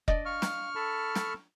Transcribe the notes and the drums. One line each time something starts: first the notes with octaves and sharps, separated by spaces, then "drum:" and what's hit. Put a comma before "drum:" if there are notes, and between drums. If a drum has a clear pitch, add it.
D4 D5 D#5, drum: kick F1
F5 C#6 F6
drum: snare
A4 A5 B5
drum: snare